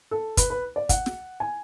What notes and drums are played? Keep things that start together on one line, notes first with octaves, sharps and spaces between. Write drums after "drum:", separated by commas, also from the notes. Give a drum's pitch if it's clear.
A4
B4, drum: kick, hi-hat
B4
D5
F#5, drum: kick, hi-hat
drum: snare
G#5